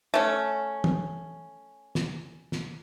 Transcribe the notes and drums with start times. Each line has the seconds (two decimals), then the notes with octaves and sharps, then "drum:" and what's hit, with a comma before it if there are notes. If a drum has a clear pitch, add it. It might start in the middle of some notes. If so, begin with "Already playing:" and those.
0.14 A3 C#4
0.84 drum: tom
1.95 drum: snare
2.52 drum: snare